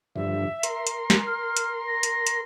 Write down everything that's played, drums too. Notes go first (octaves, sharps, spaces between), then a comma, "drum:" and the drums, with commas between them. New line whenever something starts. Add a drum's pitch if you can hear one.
G2 D3 F3 E5
A#4 C6, drum: hi-hat
drum: hi-hat
drum: snare
F6
drum: hi-hat
A#6
drum: hi-hat
drum: hi-hat